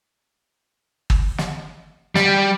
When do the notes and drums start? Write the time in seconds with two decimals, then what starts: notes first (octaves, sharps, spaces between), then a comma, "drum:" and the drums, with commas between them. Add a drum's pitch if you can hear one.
1.10 drum: kick G1
1.38 drum: snare
2.15 G3, drum: snare